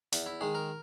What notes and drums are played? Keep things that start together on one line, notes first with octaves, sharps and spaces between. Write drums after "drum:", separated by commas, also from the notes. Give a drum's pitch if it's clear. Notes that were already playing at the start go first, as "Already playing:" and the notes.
E2, drum: open hi-hat
E4
D#3 G#3 G#4
A#4